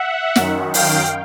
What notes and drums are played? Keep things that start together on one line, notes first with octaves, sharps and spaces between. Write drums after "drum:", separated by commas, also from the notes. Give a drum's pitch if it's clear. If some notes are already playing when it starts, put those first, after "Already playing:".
Already playing: E5 F#5
F#2 D#3, drum: snare
F5 G5, drum: open hi-hat